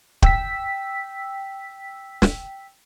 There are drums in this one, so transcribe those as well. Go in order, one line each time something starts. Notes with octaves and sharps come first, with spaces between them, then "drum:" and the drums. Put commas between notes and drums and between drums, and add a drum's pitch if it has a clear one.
G5 E6 B6, drum: kick
drum: snare